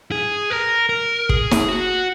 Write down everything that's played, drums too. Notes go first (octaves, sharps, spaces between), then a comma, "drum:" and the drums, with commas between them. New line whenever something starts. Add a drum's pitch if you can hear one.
G#4
A#4
A#4
G#4, drum: kick
drum: snare
F#4